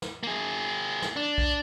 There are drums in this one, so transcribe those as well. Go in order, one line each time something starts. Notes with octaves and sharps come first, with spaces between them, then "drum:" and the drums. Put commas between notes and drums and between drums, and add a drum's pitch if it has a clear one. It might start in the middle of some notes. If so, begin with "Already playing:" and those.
drum: snare
A#3 G#4
drum: snare
D4
drum: kick